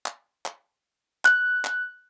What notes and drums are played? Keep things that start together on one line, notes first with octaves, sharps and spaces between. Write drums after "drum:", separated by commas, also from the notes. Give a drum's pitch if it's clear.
drum: clap
drum: clap
F#6, drum: clap
drum: clap